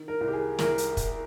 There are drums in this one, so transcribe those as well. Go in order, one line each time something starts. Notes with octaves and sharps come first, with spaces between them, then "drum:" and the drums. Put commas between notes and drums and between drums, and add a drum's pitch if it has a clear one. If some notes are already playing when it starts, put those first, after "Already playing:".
Already playing: D#3
A#4
C2
G4
G#4
C2 A#4, drum: snare
drum: hi-hat
drum: kick, hi-hat